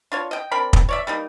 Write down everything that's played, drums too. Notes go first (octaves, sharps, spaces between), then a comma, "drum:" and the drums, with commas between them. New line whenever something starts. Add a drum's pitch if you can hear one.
D4 F4 C#5
D#5 G5
C4 D4 A#4 B5
drum: kick
C#5 D5 E5
G3 A#3 D#4